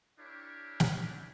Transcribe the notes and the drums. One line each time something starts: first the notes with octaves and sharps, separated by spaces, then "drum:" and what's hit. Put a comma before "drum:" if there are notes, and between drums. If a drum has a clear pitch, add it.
D4 E4 G4 A#4 C#5
drum: snare